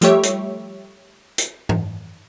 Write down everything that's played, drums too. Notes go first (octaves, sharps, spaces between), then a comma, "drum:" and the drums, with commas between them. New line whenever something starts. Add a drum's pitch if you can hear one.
F3 G3 A3 G4 C#5 E5, drum: hi-hat
drum: hi-hat
drum: hi-hat
drum: tom G#2